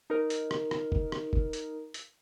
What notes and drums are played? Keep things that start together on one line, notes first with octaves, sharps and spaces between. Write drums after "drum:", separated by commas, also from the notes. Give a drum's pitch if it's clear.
D#4 A#4
drum: hi-hat
drum: rim click
drum: rim click
drum: kick
drum: rim click
drum: kick
drum: hi-hat
drum: hi-hat